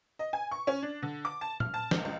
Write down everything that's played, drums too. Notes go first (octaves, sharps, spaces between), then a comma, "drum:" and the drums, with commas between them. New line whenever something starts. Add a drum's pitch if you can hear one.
D#5
G#5
C#6
C#4
D4
D3
D6
A5
F6, drum: tom A#2
A5
C#2, drum: snare
C#2